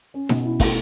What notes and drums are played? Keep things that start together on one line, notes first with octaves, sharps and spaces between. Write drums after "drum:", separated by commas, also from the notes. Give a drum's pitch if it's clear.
C#4
B2, drum: snare D#4
E4
A3, drum: kick, open hi-hat